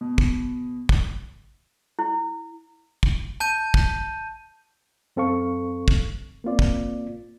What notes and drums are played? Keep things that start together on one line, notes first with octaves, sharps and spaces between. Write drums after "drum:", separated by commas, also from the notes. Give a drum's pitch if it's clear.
B2
drum: kick
drum: kick
E4
drum: kick
A5 G6 D#7
drum: kick
F#2 C4 A4 F5 C#6
drum: kick
A#3 C4 F4 D5
drum: kick